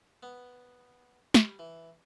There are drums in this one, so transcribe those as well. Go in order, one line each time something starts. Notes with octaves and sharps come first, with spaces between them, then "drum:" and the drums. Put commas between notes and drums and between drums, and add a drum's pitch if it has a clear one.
B3
G3, drum: snare
E3